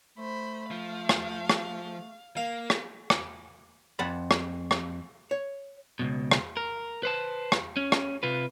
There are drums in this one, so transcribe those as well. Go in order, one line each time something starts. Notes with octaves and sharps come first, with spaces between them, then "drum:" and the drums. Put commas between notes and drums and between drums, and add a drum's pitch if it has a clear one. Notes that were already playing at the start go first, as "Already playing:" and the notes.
A3 C5 B5
F3 F5
drum: rim click
drum: rim click
A#3 F5
drum: rim click
drum: rim click
F2 F#5 A5 B5
drum: rim click
drum: rim click
C#5
C#2 F#2 B2
drum: rim click
A#4
B4 C5 A5
drum: rim click
C#4
drum: rim click
C3 F4 B4